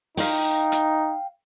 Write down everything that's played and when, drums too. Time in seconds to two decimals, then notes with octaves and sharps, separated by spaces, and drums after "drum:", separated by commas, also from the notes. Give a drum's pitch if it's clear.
0.17 D#4 F5 G5, drum: open hi-hat
0.72 drum: hi-hat